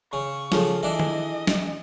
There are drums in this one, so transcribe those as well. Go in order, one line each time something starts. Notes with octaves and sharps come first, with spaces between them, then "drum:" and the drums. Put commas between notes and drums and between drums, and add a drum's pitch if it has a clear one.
C#3 C#6
C#3 F3 F4 G#4 A4, drum: snare
E3 D4 D#5
drum: tom D#3
drum: snare